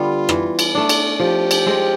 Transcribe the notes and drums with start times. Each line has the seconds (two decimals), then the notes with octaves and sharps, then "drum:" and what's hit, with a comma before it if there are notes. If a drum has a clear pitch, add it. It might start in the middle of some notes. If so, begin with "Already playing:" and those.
Already playing: D3 G3 B3 F4
0.29 E3, drum: rim click
0.59 drum: cymbal
0.75 A3 D4
0.89 drum: cymbal
1.20 F3 G4
1.51 drum: cymbal
1.66 G#3 C4